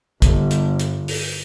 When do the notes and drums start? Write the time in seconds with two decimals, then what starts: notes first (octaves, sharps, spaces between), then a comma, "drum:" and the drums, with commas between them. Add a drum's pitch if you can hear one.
0.22 G1, drum: kick, hi-hat
0.51 drum: hi-hat
0.80 drum: hi-hat
1.08 drum: open hi-hat